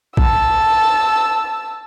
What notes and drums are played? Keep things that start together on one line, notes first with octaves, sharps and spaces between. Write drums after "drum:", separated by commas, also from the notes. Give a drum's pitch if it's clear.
A5 E6, drum: kick A#1